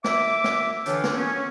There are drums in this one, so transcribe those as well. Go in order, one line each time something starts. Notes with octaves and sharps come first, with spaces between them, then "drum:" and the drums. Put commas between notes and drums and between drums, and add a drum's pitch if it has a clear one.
E5 D6, drum: snare
drum: snare
D3 E3 D4 F4 G4 C#5, drum: hi-hat
drum: snare
B3 C#4